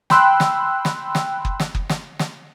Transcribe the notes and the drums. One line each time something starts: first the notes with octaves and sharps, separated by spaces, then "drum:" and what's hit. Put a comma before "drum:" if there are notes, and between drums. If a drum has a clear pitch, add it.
G5 B5 C6 E6 F#6, drum: snare
drum: snare
drum: snare
drum: snare
drum: kick F#1
drum: snare
drum: kick F#1
drum: snare
drum: snare